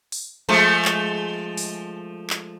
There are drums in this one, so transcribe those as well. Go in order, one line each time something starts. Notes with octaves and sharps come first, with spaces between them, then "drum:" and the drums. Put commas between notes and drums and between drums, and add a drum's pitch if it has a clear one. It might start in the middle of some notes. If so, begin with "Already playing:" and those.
drum: open hi-hat
F3 G#3 A3
drum: clap
drum: open hi-hat
drum: clap